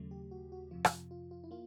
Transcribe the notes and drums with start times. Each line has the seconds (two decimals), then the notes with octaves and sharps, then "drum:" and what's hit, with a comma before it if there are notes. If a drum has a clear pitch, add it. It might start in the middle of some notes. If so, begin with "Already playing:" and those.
Already playing: D#2 C#3 F#3 A3
0.11 G4
0.31 F#4
0.52 F#4
0.71 F2 C3 F3 F4
0.85 drum: rim click
1.11 F4
1.31 F4
1.44 E4
1.51 A#3 F4